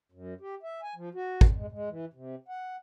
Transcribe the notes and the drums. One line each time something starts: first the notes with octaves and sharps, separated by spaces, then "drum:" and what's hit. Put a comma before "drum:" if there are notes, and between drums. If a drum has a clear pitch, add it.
F#2
G4
E5
G#5
F3
F#4
drum: kick
G#3
G#3
E3
C3
F#5